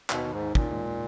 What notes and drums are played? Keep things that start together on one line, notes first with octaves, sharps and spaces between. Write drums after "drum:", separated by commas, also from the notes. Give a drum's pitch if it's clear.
D#2 B2, drum: clap
D#3
G#2
D#2
D#2 A#2, drum: kick
G#3